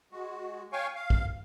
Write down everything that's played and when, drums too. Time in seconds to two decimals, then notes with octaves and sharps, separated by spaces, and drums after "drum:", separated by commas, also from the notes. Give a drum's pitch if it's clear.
0.12 G#3 F#4
0.72 C#5 F5 G5 G#5 C#6
0.96 F5
1.10 drum: kick